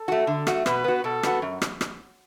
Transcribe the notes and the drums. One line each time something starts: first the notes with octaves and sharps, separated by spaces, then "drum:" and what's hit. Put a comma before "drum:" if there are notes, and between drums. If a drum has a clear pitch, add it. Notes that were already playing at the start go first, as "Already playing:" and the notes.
Already playing: A4
A3 F#4
D3
A3 F#4, drum: rim click
B2 B4, drum: rim click
B3 F#4
B2 A4
B3 F#4, drum: rim click
F#2
drum: rim click
drum: rim click